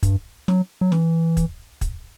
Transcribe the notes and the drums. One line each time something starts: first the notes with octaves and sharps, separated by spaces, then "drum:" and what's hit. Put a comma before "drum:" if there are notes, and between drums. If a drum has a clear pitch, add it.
G2, drum: kick, hi-hat
F#3, drum: snare
F#3
E3, drum: snare
drum: kick, hi-hat
drum: kick, hi-hat